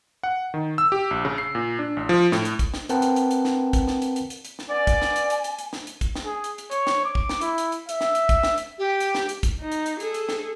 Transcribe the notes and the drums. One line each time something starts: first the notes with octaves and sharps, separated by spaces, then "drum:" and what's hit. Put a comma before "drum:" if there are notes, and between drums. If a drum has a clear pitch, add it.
F#5
D#3
E6
G4
A#1
C#3
C7
A#2
D4
A1
F3
A2, drum: snare
drum: hi-hat
drum: kick, hi-hat
drum: snare
C4 A#4 B4 F#5 G5 A5, drum: hi-hat
drum: hi-hat
drum: hi-hat
drum: hi-hat
drum: snare
drum: kick, hi-hat
drum: snare
drum: hi-hat
drum: hi-hat
drum: hi-hat
drum: hi-hat
drum: snare
B3 C#4 D5 G#5
drum: kick, hi-hat
drum: snare
drum: hi-hat
drum: hi-hat
drum: hi-hat
drum: hi-hat
drum: snare
drum: hi-hat
drum: kick, hi-hat
drum: snare
G#4
drum: hi-hat
drum: hi-hat
C#5, drum: hi-hat
drum: snare
D6
drum: kick
drum: snare
E4, drum: hi-hat
drum: hi-hat
drum: hi-hat
E5, drum: hi-hat
drum: snare
drum: hi-hat
drum: kick, hi-hat
drum: snare
drum: hi-hat
G4
drum: hi-hat
drum: snare
drum: hi-hat
drum: kick, hi-hat
D#4
drum: hi-hat
drum: hi-hat
G#4 A4, drum: hi-hat
drum: hi-hat
drum: snare